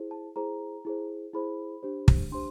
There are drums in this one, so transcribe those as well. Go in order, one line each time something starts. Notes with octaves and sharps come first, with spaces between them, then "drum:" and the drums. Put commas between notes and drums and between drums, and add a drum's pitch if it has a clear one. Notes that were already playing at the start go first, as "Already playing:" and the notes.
Already playing: E4 G#4 C5
A5
E4 G#4 C5 A#5
E4 G#4 C5
E4 G#4 C5 B5
D4 G4 C5
drum: kick
D4 G4 C5 C6